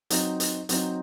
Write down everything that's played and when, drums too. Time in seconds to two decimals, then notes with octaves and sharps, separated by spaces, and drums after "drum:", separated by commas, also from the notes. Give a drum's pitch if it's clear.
0.10 F#3 C4 D#4, drum: hi-hat
0.40 drum: hi-hat
0.69 F#3 C4 D#4, drum: hi-hat